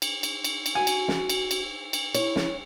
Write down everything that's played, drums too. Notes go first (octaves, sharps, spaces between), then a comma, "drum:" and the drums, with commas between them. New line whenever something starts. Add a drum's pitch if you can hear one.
drum: cymbal
drum: cymbal
drum: cymbal
drum: cymbal
F#4 G#5
drum: cymbal
drum: snare
drum: cymbal
drum: cymbal
drum: cymbal
E4 C#5, drum: cymbal
drum: snare